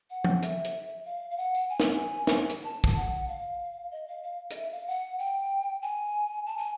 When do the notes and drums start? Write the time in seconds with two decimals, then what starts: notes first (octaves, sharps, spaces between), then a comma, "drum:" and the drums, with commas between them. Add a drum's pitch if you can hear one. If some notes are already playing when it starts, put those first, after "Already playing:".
0.10 F#5
0.24 drum: tom F3
0.42 E5, drum: hi-hat
0.64 drum: hi-hat
1.05 F5
1.31 F5
1.37 F#5
1.55 drum: tambourine
1.70 G#5
1.80 drum: snare
2.27 drum: snare
2.49 drum: hi-hat
2.64 A5
2.84 drum: kick
2.97 F#5
3.28 F5
3.92 D#5
4.08 F5
4.23 F5
4.50 D#5, drum: hi-hat
4.56 E5
4.72 F5
4.87 F#5
5.19 G5
5.82 G#5
6.46 A5
6.58 G#5